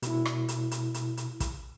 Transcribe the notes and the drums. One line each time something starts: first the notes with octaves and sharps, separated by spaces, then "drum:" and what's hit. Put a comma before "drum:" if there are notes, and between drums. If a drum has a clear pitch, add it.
B2 E4, drum: hi-hat
drum: rim click
drum: hi-hat
drum: hi-hat
drum: hi-hat
drum: hi-hat
drum: kick, hi-hat